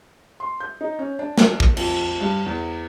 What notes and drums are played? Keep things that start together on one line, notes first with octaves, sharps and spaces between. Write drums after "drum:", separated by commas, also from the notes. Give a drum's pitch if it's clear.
C6
G6
D#4
C#4
D4
drum: snare
drum: kick
F2, drum: cymbal
G2
E2